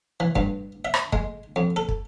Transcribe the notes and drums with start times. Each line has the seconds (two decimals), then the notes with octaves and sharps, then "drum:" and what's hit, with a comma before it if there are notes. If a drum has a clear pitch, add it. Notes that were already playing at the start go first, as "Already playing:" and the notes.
0.20 E3
0.36 G2, drum: kick
0.85 E5
0.94 drum: rim click
1.13 G#3, drum: kick
1.56 F2
1.76 A4
1.88 drum: kick